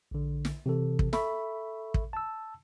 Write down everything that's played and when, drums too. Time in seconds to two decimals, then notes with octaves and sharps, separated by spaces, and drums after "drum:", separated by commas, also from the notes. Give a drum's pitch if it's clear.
0.11 A#1 D3
0.45 drum: snare
0.66 C3 E3 A4
0.99 drum: kick
1.13 A4 E5 B5 C#6, drum: snare
1.94 drum: kick
2.13 A5 E6